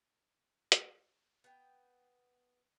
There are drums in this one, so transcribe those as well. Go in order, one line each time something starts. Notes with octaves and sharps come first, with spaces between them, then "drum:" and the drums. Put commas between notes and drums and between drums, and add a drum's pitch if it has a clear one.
drum: hi-hat
B3 G5